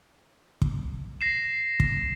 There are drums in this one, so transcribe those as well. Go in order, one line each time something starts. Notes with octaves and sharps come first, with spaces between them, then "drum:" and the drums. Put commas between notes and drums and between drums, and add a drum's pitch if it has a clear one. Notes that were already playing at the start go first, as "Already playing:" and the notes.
drum: kick
A#6 C7 E7
drum: kick